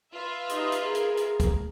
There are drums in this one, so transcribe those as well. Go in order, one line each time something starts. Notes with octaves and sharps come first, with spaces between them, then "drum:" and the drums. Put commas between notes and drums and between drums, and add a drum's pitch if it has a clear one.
F4 B4 E5
D#4 G4 D#5, drum: hi-hat
drum: hi-hat
G#4 A#4
drum: hi-hat
drum: hi-hat
drum: kick, hi-hat